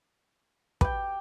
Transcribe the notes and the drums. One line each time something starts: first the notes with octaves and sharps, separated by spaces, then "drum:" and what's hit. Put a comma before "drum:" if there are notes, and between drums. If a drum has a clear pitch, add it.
G4 B4 G5, drum: kick